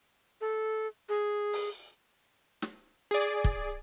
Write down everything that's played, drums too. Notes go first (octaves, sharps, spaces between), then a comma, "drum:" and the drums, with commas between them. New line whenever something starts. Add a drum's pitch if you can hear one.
A4
G#4
drum: open hi-hat
drum: snare
G#4 D5
drum: kick